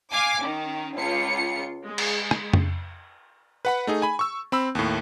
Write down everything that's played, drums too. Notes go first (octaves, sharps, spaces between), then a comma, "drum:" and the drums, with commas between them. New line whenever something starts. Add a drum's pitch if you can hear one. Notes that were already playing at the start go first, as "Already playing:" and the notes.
F5 G#5 D6
D#3 C#4
C#2 F4 C#7
G#3
drum: cymbal
drum: rim click
drum: tom F2
B4 F#5 B5
A3 D#4 G#4
G#5 B5
C#6 E6
C4 B5 E6
D#2 A2